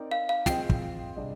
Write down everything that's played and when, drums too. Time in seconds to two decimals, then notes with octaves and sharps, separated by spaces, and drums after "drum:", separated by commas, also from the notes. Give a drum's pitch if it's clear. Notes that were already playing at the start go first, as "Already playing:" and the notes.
Already playing: C4 D#4 A#4 D5
0.11 F5
0.29 F5
0.46 C4 F4 G#4 C5 D#5 G5, drum: snare
0.69 drum: kick
1.16 C3 G3 D4 G#4 D#5